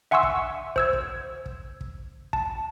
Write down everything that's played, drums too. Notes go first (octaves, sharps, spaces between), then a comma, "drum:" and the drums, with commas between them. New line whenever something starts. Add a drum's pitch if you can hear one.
E5 F#5 G#5 C6 C#6 E6
drum: kick
C5 E6 G#6, drum: kick
drum: kick
drum: kick
drum: kick
A5, drum: kick